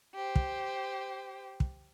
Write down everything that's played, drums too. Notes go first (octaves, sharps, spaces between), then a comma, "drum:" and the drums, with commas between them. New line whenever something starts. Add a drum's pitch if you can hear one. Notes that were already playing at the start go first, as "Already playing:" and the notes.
G4 C5
drum: kick
drum: kick